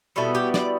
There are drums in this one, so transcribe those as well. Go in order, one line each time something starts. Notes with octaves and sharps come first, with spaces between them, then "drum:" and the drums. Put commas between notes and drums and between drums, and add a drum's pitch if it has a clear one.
B2 G3 B3 E4 A4
G4
D5, drum: snare